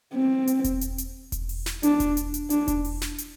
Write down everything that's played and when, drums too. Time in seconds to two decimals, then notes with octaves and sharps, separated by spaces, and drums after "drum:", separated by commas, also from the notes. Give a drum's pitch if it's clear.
0.14 C4
0.47 drum: hi-hat
0.64 drum: kick E1, hi-hat
0.81 drum: hi-hat
0.98 drum: hi-hat
1.32 drum: kick E1, hi-hat
1.49 drum: open hi-hat
1.66 drum: snare
1.83 D4, drum: hi-hat
2.00 drum: kick E1, hi-hat
2.17 drum: hi-hat
2.34 drum: hi-hat
2.50 D4, drum: hi-hat
2.68 drum: kick E1, hi-hat
2.85 drum: open hi-hat
3.01 drum: snare
3.18 drum: hi-hat